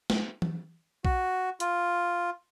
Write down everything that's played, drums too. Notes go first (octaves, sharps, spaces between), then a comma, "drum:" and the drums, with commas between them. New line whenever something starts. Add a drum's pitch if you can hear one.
drum: snare
drum: tom E3
F#4, drum: kick A#1
F4, drum: hi-hat